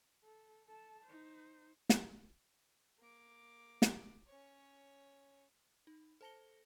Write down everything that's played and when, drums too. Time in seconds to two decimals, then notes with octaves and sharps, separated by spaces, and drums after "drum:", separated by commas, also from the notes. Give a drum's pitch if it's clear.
0.24 A4
0.67 A4 A5
1.05 D#4 C5
1.89 drum: snare
2.99 A#3 D6
3.82 drum: snare
4.27 C#4 C#5
5.87 D#4
6.21 A4 C5 A5 A#6 C#7 G7